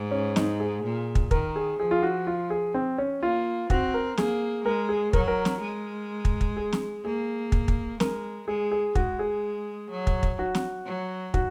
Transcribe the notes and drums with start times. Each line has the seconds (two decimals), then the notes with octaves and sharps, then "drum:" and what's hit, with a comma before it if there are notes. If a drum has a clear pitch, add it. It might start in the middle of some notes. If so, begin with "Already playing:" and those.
Already playing: G#2
0.11 C#4
0.36 D#4, drum: snare
0.60 G#4
0.84 A#2
1.15 drum: kick
1.31 D#3 A#4, drum: kick
1.56 G#4
1.79 F3 G#4
1.91 F4
2.03 F#4
2.27 F4
2.50 G#4
2.74 C4
2.98 C#4
3.22 A#3 F4
3.70 C4 F#4, drum: kick
3.94 A#4
4.18 A#3 G#4, drum: snare
4.65 G#3 A#4
4.89 G#4
5.13 F#3 A#4, drum: kick
5.28 A#4
5.45 drum: snare
5.61 G#3
6.25 drum: kick
6.41 drum: kick
6.57 G#4
6.73 drum: snare
7.04 A#3 G#4
7.52 drum: kick
7.68 drum: kick
8.00 G#3 A#4, drum: snare
8.48 G#3 G#4
8.71 G#4
8.95 G#3 F#4, drum: kick
9.19 G#4
9.91 F#3
10.07 drum: kick
10.23 drum: kick
10.39 F#4
10.55 drum: snare
10.86 F#3
11.34 F#4, drum: kick